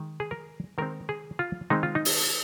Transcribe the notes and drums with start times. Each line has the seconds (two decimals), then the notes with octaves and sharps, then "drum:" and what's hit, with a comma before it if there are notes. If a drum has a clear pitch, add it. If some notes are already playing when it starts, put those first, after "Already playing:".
Already playing: D#3 G#3
0.20 G#4
0.31 A#4
0.78 D#3 G#3 C4 A#4
1.09 G#4
1.39 F4
1.70 D#3 G#3 C4 D#4
1.83 F4
1.95 D#4
2.05 drum: open hi-hat